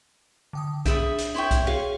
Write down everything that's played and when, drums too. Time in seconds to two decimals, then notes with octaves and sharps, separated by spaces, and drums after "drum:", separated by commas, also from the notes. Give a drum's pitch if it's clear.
0.53 D3 G5 D#6
0.85 D4 G#4 E5 B5 D#6, drum: kick B1, hi-hat
1.18 drum: hi-hat
1.35 E4 C#5 E5 G5 C6
1.51 drum: kick B1, hi-hat
1.67 F#4 G#4 C#5 F5